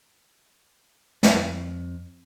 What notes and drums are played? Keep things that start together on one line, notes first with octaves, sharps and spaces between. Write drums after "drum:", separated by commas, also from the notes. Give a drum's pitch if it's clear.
F2, drum: snare